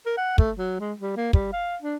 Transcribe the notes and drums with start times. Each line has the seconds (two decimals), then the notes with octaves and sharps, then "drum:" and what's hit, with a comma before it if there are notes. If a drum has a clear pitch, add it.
0.06 A#4
0.17 F#5
0.38 A3, drum: kick
0.58 F#3
0.80 G#3
1.00 G3
1.16 A#3
1.33 G3, drum: kick
1.53 F5
1.82 D4